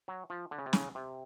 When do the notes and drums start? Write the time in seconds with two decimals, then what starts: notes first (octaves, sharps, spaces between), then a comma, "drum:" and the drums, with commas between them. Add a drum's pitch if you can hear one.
0.08 F#3
0.30 F3
0.51 D3
0.58 C#3
0.66 C3
0.73 C#3, drum: snare
0.95 C3